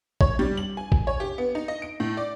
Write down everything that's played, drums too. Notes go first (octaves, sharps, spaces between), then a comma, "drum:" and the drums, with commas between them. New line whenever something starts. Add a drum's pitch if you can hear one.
C#5, drum: kick A1
G3
F#7
G#5
drum: kick A1
C#5
G4
B3
D#4
D#5
D7
A2
D5